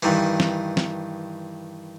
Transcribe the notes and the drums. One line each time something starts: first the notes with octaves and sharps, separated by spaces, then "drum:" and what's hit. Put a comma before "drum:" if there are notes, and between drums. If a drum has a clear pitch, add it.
G2 D#3 E3
drum: snare
drum: snare